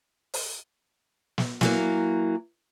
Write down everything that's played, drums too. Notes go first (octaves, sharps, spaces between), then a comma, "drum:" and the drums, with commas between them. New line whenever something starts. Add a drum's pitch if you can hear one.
drum: open hi-hat
drum: snare
E3 F#3 A#3, drum: snare